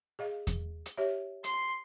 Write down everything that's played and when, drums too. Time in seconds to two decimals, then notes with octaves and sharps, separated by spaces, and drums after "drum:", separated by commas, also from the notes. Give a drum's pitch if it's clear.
0.19 G#4 D#5 F5
0.47 drum: kick E2, hi-hat
0.86 drum: hi-hat
0.97 G4 C#5 E5
1.44 C6, drum: hi-hat